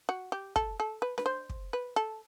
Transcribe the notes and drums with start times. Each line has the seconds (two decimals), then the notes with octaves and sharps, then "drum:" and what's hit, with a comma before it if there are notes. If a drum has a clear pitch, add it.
0.09 F#4
0.32 G4
0.56 A4, drum: kick
0.80 A4
1.02 B4
1.18 B4, drum: snare D4
1.26 C5
1.49 drum: kick
1.73 B4
1.96 A4